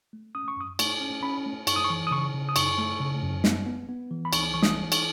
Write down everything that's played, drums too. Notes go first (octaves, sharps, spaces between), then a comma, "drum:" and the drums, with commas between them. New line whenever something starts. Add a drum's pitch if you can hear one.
A3
C#4 D#6
C#6
F#2 D#6
A3 C#6, drum: cymbal
C#4
C#4 B5
A3
F#2 C#6, drum: cymbal
D#6
C#6
E3
D#6
C#3 C#6
C#3
D#6
F#2 C#6, drum: cymbal
A3
C#3
F#2
B3, drum: snare
B3
B3
E3
B5
C#2 C#6, drum: cymbal
E3 C#6
D#6, drum: snare
E3
C#6, drum: cymbal